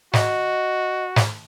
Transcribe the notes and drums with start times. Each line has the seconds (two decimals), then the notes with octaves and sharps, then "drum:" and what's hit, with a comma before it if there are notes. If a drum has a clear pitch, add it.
0.13 F#4 D#5, drum: snare
1.16 drum: snare